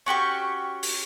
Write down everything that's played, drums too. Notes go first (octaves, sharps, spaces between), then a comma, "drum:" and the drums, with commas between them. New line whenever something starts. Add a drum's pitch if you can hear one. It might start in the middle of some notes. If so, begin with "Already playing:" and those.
C#4 F#4 G4 C#6
drum: open hi-hat